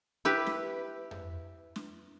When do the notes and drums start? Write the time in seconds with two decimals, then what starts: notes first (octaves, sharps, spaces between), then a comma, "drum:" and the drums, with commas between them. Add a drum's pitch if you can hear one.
0.25 E4 G4 B4
0.46 drum: snare
1.11 drum: tom F2
1.76 drum: snare